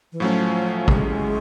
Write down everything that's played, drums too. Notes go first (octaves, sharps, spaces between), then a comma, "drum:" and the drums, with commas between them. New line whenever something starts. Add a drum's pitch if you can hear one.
E3
A2 F3 F#3 A3 C#4
G3, drum: kick A1
G#3